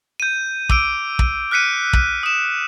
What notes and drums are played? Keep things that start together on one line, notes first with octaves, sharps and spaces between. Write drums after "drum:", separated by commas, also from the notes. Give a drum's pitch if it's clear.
G6 D#7
D6 E6 D7, drum: kick
drum: kick
F6 F#6 B6 C#7 D#7
drum: kick
D#6 E7